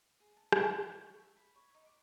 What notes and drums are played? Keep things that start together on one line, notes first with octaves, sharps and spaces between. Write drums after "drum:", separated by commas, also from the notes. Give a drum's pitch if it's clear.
G#4
A5
B5, drum: rim click
C5
G5
G#4
C#6
E5
B5
C#5
D#4
D6